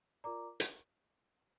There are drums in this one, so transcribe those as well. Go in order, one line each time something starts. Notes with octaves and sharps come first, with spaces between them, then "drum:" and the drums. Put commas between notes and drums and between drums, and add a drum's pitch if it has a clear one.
F4 A#4 D5 A#5 D6
drum: hi-hat